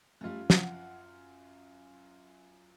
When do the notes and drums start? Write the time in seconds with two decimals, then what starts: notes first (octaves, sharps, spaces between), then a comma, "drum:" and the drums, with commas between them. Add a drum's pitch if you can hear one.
0.21 F#2 G3 A3 F4
0.50 F#5, drum: snare